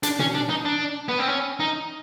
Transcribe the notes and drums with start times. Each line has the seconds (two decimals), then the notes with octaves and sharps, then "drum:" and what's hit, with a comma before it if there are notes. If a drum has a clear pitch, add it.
0.03 D4, drum: hi-hat
0.19 C#4, drum: tom B2
0.34 D4
0.49 D#4
0.65 D4
1.08 B3
1.19 C4
1.28 C#4
1.60 D#4